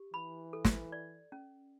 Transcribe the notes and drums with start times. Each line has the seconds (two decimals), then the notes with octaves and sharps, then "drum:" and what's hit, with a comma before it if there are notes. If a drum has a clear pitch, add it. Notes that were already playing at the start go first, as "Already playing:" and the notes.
Already playing: G4
0.13 E3 B5
0.53 A4
0.65 drum: snare
0.92 D5
1.32 C#4